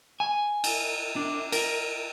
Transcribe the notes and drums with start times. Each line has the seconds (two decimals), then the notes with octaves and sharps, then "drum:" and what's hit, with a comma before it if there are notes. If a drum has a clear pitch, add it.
0.20 G#5
0.64 drum: cymbal
1.16 D4
1.52 A#4, drum: cymbal